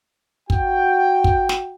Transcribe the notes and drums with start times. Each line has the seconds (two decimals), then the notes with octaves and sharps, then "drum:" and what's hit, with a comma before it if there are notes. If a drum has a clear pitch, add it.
0.50 F#4 G5, drum: kick
1.24 drum: kick
1.49 drum: snare